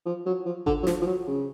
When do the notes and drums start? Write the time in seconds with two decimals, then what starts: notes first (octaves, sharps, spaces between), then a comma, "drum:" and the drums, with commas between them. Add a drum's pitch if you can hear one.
0.06 F3
0.26 F#3
0.46 F3
0.66 D3, drum: kick G#1
0.83 F#3
0.87 F3, drum: snare
1.02 F3
1.07 F#3
1.27 C#3